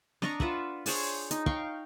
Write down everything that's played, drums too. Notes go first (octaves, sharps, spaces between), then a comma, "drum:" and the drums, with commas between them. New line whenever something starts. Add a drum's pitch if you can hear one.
D4 D#5 A#5 C#6, drum: snare
F4 B4 E5 F#5, drum: kick
D4 G#4 C5 C#5, drum: open hi-hat
D#4, drum: hi-hat
F5 G5 C#6, drum: kick